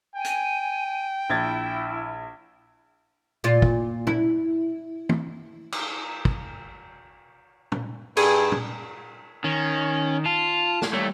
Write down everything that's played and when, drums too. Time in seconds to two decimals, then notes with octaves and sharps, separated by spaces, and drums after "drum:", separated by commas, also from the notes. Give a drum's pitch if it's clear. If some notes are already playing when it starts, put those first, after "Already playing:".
0.15 G5 G#5
0.24 drum: hi-hat
1.30 A#1 E4 G#6 A6
3.44 A#2 F4
3.62 drum: kick
4.07 E4, drum: tom
5.09 drum: tom
5.72 drum: cymbal
6.25 drum: kick
7.72 drum: tom
8.17 G2 G#4, drum: cymbal
8.52 drum: tom
9.44 D#3 C#4
10.26 F4 A5
10.82 drum: snare
10.94 G3 A3 A#3 C#5